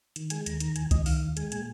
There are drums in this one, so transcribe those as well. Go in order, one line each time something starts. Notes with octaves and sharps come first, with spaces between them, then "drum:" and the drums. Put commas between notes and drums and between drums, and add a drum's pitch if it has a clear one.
D#3, drum: hi-hat
G#3 G#5, drum: hi-hat
D#2 A#5, drum: hi-hat
D#3 A#5, drum: hi-hat
D#2 G#5, drum: hi-hat
D#2 D#5, drum: kick C2, hi-hat
D#3 F5, drum: open hi-hat
D#2
G#3 G#5, drum: hi-hat
A#2 G#5, drum: hi-hat